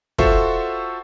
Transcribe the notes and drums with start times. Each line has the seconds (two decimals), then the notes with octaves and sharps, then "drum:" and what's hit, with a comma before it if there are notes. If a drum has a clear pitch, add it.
0.18 F4 F#4 A4 C5 E5 C#6, drum: kick